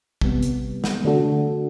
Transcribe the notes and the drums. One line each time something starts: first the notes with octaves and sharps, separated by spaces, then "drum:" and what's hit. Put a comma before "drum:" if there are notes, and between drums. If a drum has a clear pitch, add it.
C3 G3 B3, drum: kick
drum: hi-hat
drum: snare
D3 A3 D4 F#4 A4